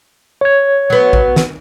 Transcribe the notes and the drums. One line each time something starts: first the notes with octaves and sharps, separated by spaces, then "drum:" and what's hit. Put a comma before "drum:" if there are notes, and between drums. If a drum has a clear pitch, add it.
C#5 G#6
F#3 B3
drum: kick A1
drum: snare